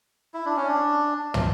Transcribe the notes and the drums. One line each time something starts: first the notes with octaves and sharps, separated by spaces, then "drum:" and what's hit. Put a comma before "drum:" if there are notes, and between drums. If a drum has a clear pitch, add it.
E4
D4
C#4
D4
drum: tom